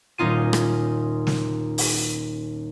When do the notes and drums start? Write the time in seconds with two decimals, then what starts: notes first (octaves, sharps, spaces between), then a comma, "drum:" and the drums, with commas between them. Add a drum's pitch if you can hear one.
0.18 D#1 C#4 D#4 F4 D#7
0.53 drum: rim click
1.27 drum: snare
1.78 drum: open hi-hat